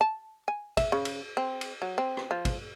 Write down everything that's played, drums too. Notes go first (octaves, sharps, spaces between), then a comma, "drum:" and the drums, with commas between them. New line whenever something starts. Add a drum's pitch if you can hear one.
A5
G#5
E5, drum: kick, cymbal
C#3
drum: cymbal
C4
drum: cymbal
F#3
C4
drum: rim click
F3
drum: kick, cymbal